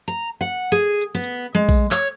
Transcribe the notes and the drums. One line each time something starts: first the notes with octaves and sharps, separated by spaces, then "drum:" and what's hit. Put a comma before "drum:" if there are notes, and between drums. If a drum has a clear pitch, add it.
A#5
F#5
G#4
drum: hi-hat
B3
drum: hi-hat
G#3
drum: kick A#1, open hi-hat
C#5, drum: clap